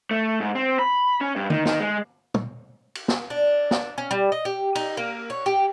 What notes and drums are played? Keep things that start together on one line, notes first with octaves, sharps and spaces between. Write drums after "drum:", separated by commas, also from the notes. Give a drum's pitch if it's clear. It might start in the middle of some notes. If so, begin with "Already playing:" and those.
A3
G#2
C4
B5
C#4
G2
D#3, drum: tom
D#3, drum: snare
G#3
drum: tom
drum: cymbal
drum: snare
D4
drum: snare
C#4
G3
D#5
G4
D#4, drum: cymbal
A#3
C#5
G4